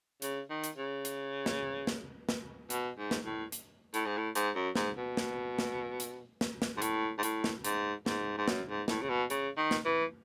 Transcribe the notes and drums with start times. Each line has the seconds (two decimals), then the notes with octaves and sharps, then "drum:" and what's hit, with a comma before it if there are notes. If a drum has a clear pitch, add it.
0.22 C#3, drum: hi-hat
0.50 D#3
0.64 drum: hi-hat
0.77 C#3
1.05 drum: hi-hat
1.46 drum: snare
1.87 drum: snare
2.29 drum: snare
2.70 B2, drum: hi-hat
2.98 G#2
3.11 drum: snare
3.25 A2
3.52 drum: hi-hat
3.94 A2, drum: hi-hat
4.06 G#2
4.17 A2
4.35 G#2, drum: hi-hat
4.55 F#2
4.75 G#2, drum: snare
4.97 B2
5.17 drum: snare
5.59 drum: snare
6.00 drum: hi-hat
6.41 drum: snare
6.62 drum: snare
6.77 G#2
6.82 A2, drum: hi-hat
7.18 G#2
7.23 A2, drum: hi-hat
7.44 drum: snare
7.64 G#2, drum: hi-hat
8.06 G#2, drum: snare
8.38 G#2
8.48 F#2, drum: snare
8.68 G#2
8.88 A2, drum: snare
9.02 C#3
9.09 B2
9.30 C#3, drum: hi-hat
9.57 D#3
9.71 drum: snare
9.85 E3